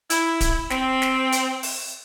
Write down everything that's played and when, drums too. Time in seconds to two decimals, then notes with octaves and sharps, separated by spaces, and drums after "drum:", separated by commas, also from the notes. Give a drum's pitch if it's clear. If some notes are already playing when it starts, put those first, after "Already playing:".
0.10 E4, drum: hi-hat
0.41 drum: kick D1, hi-hat
0.70 C4, drum: snare
1.02 drum: snare
1.32 drum: hi-hat
1.63 drum: open hi-hat